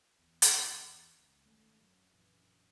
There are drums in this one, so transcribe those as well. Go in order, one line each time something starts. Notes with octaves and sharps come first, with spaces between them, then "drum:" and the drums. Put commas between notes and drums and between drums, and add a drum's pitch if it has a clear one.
E2
drum: hi-hat
C#2
G#1 G2 A3 C#4
F#2 F3 F#3
A#1 F#2 E3